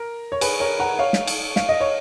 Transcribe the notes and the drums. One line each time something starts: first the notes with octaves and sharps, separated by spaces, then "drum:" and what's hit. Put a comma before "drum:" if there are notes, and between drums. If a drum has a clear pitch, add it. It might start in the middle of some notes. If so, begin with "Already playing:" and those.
Already playing: A#4
C#5
G#4 B4, drum: cymbal
A#4 C#5
F#5 A#5
C#5 F5
drum: snare
drum: cymbal
F5, drum: snare
D#5
C#5